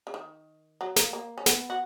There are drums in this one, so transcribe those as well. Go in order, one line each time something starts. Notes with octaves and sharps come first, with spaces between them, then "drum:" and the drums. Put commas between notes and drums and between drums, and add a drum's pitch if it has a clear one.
C#3
D#3
F#3
A#3, drum: snare
A#3
C#4
B3, drum: snare
F#4